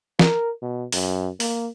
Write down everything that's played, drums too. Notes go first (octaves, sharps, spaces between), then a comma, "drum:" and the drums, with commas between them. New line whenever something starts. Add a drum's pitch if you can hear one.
A#4, drum: snare
B2
F#2, drum: open hi-hat
A#3, drum: open hi-hat